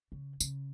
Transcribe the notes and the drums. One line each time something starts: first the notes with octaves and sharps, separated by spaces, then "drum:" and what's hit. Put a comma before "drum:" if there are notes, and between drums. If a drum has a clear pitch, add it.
C#3
C#3, drum: tambourine